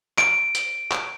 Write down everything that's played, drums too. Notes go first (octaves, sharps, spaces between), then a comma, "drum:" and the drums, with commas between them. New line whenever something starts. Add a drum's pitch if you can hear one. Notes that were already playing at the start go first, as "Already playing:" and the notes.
D7, drum: clap
drum: hi-hat
drum: clap